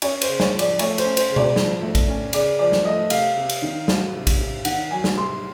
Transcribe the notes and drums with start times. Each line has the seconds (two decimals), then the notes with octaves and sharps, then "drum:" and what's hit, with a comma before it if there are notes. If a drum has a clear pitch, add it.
0.02 C#4 C#5, drum: cymbal
0.22 C5, drum: cymbal
0.27 C#3
0.40 C#5, drum: snare
0.53 F3
0.59 D5, drum: cymbal
0.79 A3 C#5, drum: cymbal
0.98 C5, drum: cymbal
1.04 C#4
1.17 C5, drum: cymbal
1.30 C#3
1.36 D5, drum: tom B2
1.56 F3, drum: snare
1.81 A3
1.95 drum: kick A1, cymbal
2.08 C#4
2.33 C#3 D5, drum: cymbal
2.59 F3 D5
2.72 drum: snare
2.85 A3 D#5
3.10 C3 F5, drum: cymbal
3.37 C3
3.49 drum: cymbal
3.62 D#3
3.88 F#3, drum: snare
4.14 C3
4.27 drum: kick A1, cymbal
4.40 C3
4.65 D#3 F#5, drum: cymbal
4.91 F#3 G#5
5.04 drum: snare
5.17 C3 C6